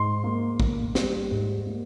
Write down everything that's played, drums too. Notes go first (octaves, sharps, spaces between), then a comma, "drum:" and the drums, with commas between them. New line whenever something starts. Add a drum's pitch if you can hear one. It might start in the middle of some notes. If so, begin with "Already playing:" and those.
Already playing: G#2 C6
A#3
A#3, drum: kick A1
G3, drum: snare
G#2
A#3